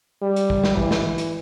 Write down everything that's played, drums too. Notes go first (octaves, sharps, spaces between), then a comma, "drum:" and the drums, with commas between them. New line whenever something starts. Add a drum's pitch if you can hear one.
G3
drum: hi-hat
drum: kick
drum: snare
E3, drum: kick
drum: snare
drum: hi-hat